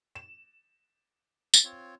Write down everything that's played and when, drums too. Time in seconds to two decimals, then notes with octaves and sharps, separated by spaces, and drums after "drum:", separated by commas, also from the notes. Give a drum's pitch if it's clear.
0.15 E7
1.54 drum: tambourine
1.64 C4 F4 C#5